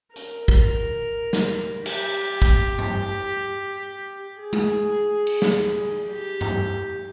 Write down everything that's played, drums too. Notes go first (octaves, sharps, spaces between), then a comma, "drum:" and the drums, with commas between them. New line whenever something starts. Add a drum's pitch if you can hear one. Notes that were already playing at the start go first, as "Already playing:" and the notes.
A#4, drum: hi-hat
drum: kick
drum: snare
G4, drum: cymbal
drum: kick
drum: tom
G#4
drum: tom G#3
drum: cymbal
drum: snare
G4
drum: tom